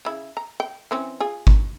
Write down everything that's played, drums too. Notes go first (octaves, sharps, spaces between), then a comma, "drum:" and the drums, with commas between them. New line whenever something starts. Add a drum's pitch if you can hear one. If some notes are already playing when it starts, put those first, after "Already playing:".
C#3 E4
A#5
G5
E3 C4 C#4
F4 G#4
drum: kick